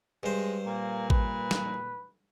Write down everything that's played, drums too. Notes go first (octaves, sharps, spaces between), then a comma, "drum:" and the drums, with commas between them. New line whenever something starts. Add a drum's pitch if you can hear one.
G2 G#3 C5
A#2 A#3
B4, drum: kick A1
drum: snare